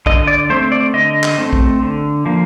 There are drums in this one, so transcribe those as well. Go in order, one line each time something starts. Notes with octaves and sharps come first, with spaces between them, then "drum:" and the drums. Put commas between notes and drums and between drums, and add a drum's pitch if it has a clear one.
D3 D#5, drum: kick A#1
D5
A3 C4 C5
D5
D3 D#5
drum: clap
A3 C4
drum: kick A#1
D3
F3 A#3